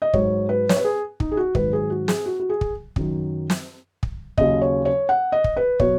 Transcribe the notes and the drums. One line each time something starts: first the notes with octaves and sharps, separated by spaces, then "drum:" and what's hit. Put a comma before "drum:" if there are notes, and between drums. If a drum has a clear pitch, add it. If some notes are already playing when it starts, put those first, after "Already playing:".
D#5
G#2 F#3 C#5, drum: kick
B4
C#5, drum: snare
B4
G#4
D#4, drum: kick
G#4
F#4
G#2 D#3 F#3 B4, drum: kick
G#4
F#4
G#4, drum: snare
F#4
F#4
G#4
drum: kick
F#2 D#3 F#3, drum: kick
drum: snare
drum: kick
D#2 C#3 F#3 D#5, drum: kick
C#5
C#5
F#5
D#5
drum: kick
B4
B2 F#3 C#5, drum: kick